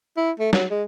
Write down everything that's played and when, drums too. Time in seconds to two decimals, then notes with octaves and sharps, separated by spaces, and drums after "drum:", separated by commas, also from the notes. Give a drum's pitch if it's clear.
0.17 E4
0.40 A3
0.53 F#3, drum: snare
0.71 G#3